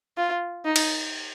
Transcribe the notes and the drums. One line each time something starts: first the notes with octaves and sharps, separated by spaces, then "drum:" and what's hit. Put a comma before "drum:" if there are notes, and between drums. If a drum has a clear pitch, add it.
F4
D#4
drum: cymbal